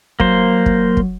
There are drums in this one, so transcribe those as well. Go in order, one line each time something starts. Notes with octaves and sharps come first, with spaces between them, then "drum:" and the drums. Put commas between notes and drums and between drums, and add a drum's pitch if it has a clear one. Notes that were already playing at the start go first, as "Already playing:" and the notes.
F#3 A#3 C5, drum: kick
drum: kick
drum: kick